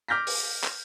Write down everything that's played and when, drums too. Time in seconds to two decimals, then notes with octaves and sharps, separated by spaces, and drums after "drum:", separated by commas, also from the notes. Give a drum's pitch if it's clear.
0.08 D6 F6 G6 A#6 B6
0.27 drum: open hi-hat
0.64 drum: clap